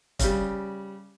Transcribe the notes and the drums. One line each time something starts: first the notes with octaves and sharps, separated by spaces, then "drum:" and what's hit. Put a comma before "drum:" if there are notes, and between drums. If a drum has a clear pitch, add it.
C#3 G3, drum: kick, hi-hat